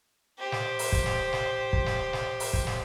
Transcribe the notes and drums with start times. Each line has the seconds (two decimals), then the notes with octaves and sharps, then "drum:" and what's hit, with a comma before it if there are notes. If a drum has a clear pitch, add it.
0.39 G4 C5
0.52 drum: snare
0.79 drum: open hi-hat
0.92 drum: kick
1.06 drum: snare
1.33 drum: snare
1.73 drum: kick
1.86 drum: snare
2.13 drum: snare
2.40 drum: open hi-hat
2.53 drum: kick
2.67 drum: snare